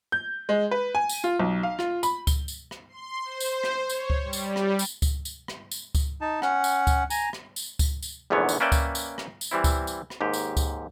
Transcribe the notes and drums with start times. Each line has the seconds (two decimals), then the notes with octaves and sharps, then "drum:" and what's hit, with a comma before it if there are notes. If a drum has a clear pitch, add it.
0.12 G6
0.49 G#3
0.71 B4
0.95 G#5
1.09 drum: tambourine
1.24 F4
1.40 B1
1.63 F5
1.79 F4, drum: rim click
2.03 B5, drum: tambourine
2.27 G7, drum: kick C#2, tambourine
2.48 drum: tambourine
2.71 drum: rim click
2.89 C6
3.25 C5
3.40 drum: tambourine
3.64 drum: rim click
3.90 C#5, drum: tambourine
4.10 drum: kick C#2
4.24 G3
4.33 drum: tambourine
4.56 drum: rim click
4.79 drum: tambourine
5.02 drum: kick C#2, tambourine
5.25 drum: tambourine
5.48 drum: rim click
5.71 drum: tambourine
5.95 drum: kick C#2, tambourine
6.21 D#4 A5
6.42 C#4 F#5, drum: rim click
6.64 drum: tambourine
6.87 drum: kick C#2, tambourine
7.10 G#5 A#5, drum: tambourine
7.33 drum: rim click
7.56 drum: tambourine
7.79 drum: kick C#2, tambourine
8.02 drum: tambourine
8.30 A#1 E2 G#2 D3 B3 C#5
8.49 drum: tambourine
8.60 A#3 C#4 B4 D5 E5 G5
8.72 drum: kick C#2, tambourine
8.95 drum: tambourine
9.18 drum: rim click
9.41 drum: tambourine
9.51 E3 G3 C4 E4
9.64 drum: kick C#2, tambourine
9.87 drum: tambourine
10.10 drum: rim click
10.21 D#2 G#2 G4
10.33 drum: tambourine
10.57 drum: kick C#2, tambourine